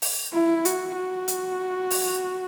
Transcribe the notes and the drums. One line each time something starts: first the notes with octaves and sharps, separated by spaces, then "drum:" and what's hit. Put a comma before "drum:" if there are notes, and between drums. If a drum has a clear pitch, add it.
drum: open hi-hat
E4
F#4, drum: hi-hat
F#4
drum: hi-hat
drum: open hi-hat